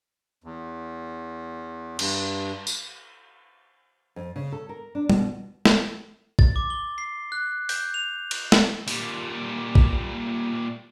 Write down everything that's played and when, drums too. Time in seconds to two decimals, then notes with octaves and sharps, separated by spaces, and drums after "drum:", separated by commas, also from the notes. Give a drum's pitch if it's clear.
0.44 E2
1.99 G2, drum: cymbal
2.67 drum: tambourine
4.16 F2
4.36 C#3
4.52 A4
4.69 A#4
4.95 D4
5.10 B2, drum: tom
5.65 drum: snare
6.39 A6, drum: kick
6.56 D6
6.70 G7
6.98 C7
7.32 F#6
7.69 G6, drum: open hi-hat
7.94 F7
8.31 drum: cymbal
8.52 drum: snare
8.88 A#2 G3, drum: open hi-hat
9.75 drum: kick